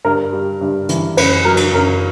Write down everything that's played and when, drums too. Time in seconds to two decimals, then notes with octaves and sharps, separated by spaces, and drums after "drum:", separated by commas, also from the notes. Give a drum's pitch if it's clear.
0.05 G2 A#4
0.33 G3
0.61 G2
0.89 E3, drum: hi-hat
1.17 F#2 B4, drum: cymbal
1.45 F#3 A#4
1.57 drum: cymbal
1.73 F#2 A#4